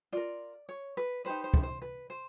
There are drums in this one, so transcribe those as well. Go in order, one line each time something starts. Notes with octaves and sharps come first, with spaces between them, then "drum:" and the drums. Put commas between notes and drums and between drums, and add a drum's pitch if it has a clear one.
F4 A#4 D5
C#5
B4
D#4 G4 B4 C5
C5
drum: kick
C5
B4
C5